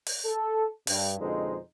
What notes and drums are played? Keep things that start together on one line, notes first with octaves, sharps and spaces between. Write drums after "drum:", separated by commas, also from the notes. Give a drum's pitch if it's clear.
drum: open hi-hat
A4
G2, drum: open hi-hat
F2 B2 D3 G#3 D#4 C5